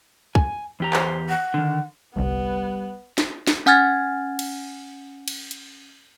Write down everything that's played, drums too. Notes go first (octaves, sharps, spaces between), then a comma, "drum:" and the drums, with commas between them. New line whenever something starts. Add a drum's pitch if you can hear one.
G#5, drum: kick
E2 G4 A#5
C5, drum: clap
F#5
D3 D#3
G1 C2 G3 B3 B4
drum: snare
drum: snare
C#4 F#5 G#5 F6 G#6 A6
drum: cymbal
drum: cymbal
drum: hi-hat